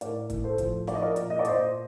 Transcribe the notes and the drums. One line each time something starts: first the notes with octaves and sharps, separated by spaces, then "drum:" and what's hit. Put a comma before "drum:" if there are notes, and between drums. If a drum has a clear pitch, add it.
A2 A#4 D5, drum: hi-hat
A2, drum: kick, hi-hat
A4 C5
F3, drum: kick, hi-hat
F3 D5, drum: snare
D#5
A#4 D5
A#2, drum: hi-hat
D#5
D5
A#2 C5 D#5, drum: hi-hat